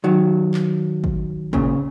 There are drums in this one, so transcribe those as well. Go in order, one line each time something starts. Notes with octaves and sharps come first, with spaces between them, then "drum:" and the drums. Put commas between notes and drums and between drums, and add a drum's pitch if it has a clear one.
D#3 F#3
drum: clap
drum: kick G#1
A#2 C#3, drum: kick G#1